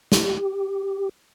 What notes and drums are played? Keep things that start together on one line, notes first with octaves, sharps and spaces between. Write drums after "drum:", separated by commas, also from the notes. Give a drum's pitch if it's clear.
G4, drum: snare